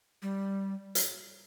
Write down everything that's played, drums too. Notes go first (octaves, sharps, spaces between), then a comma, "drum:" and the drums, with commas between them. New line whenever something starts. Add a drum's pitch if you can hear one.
G3
drum: hi-hat